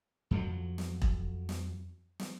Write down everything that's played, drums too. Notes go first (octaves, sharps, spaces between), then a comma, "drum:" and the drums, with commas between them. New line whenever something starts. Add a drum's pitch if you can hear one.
F2 F3 F#3
drum: snare
drum: kick E1
drum: snare
drum: snare